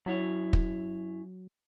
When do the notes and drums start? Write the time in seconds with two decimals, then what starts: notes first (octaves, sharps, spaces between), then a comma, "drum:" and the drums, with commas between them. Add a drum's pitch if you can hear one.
0.06 F#2 F#3 E4 C#5
0.53 drum: kick